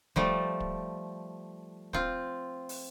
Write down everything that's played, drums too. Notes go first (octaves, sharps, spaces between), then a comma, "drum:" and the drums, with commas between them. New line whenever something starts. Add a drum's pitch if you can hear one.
F3 G3 A3, drum: kick
drum: kick
C4 F4, drum: kick
drum: open hi-hat